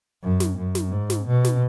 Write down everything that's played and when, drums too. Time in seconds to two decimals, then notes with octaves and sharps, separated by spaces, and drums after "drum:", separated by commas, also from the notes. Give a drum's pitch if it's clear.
0.23 F#2
0.40 drum: snare
0.58 F#2
0.75 drum: snare
0.92 G#2
1.10 drum: snare
1.27 B2
1.45 drum: snare